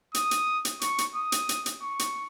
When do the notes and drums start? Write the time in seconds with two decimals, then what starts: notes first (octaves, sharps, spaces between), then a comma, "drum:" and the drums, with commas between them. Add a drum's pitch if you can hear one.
0.14 D#6, drum: hi-hat
0.31 drum: hi-hat
0.65 drum: hi-hat
0.81 C#6, drum: hi-hat
0.98 drum: hi-hat
1.15 D#6
1.32 drum: hi-hat
1.49 drum: hi-hat
1.66 drum: hi-hat
1.82 C#6
1.99 drum: hi-hat